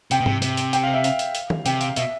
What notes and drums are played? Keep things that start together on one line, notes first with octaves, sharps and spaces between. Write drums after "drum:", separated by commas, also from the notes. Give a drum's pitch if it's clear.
C3 G5, drum: hi-hat
B2
C3, drum: tom G#2
C3, drum: hi-hat
drum: hi-hat
G5, drum: hi-hat
F5
E5
F5, drum: hi-hat
drum: hi-hat
drum: hi-hat
drum: tom
C3 G5, drum: hi-hat
F5, drum: hi-hat
B2 E5, drum: hi-hat